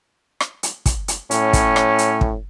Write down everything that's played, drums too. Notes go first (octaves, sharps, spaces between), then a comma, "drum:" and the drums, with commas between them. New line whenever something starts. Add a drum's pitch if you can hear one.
drum: rim click
drum: hi-hat
drum: kick, hi-hat
drum: hi-hat
A2 C#4, drum: hi-hat
drum: kick, hi-hat
drum: rim click
drum: hi-hat
drum: kick